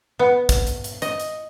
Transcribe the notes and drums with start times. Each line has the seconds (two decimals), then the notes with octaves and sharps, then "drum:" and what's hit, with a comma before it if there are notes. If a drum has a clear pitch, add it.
0.19 B3
0.49 drum: kick, hi-hat
0.67 drum: hi-hat
0.84 drum: hi-hat
1.02 D#5, drum: hi-hat
1.20 drum: hi-hat